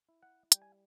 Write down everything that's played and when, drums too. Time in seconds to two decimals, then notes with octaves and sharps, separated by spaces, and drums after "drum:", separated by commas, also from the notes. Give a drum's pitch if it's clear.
0.09 E4
0.23 F#5
0.52 G3 G5, drum: hi-hat
0.62 G#5